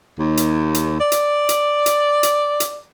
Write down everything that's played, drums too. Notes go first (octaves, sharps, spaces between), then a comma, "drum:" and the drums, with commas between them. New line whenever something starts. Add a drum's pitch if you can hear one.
D#2
drum: hi-hat
drum: hi-hat
D5
drum: hi-hat
drum: hi-hat
drum: hi-hat
drum: hi-hat
drum: hi-hat